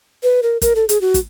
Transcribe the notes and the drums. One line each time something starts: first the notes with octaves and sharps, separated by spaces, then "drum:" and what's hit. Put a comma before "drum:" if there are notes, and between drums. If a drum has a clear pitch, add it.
B4
A#4
A#4, drum: kick, hi-hat
A4
G#4, drum: hi-hat
F#4
drum: kick, hi-hat